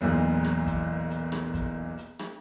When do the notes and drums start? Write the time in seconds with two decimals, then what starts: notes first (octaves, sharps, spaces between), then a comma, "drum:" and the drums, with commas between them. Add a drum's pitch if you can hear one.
0.01 E1 B1 E2 A#2 G#4
0.44 drum: rim click
0.66 drum: kick, hi-hat
1.10 drum: hi-hat
1.32 drum: rim click
1.54 drum: kick, hi-hat
1.97 drum: hi-hat
2.19 drum: rim click